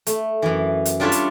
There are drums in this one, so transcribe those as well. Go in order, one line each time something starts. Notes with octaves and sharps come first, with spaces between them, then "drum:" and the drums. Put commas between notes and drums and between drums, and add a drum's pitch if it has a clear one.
A3, drum: hi-hat
F#2 E3
drum: hi-hat
G3 D4 F4 A4 C#5 E5
drum: hi-hat